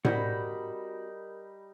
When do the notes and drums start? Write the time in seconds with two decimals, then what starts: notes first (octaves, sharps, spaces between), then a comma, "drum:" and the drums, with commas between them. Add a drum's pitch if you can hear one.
0.05 G3 C4 D#4 F#4 A#4 D5 B5, drum: tom A2